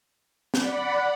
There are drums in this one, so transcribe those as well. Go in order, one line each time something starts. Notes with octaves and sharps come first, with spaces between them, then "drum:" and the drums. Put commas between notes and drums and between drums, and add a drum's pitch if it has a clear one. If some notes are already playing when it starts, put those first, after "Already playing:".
D5 F#5 B5, drum: snare